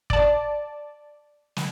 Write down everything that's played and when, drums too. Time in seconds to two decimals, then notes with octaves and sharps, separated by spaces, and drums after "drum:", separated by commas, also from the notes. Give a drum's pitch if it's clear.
0.10 D5 A5, drum: kick
1.57 drum: snare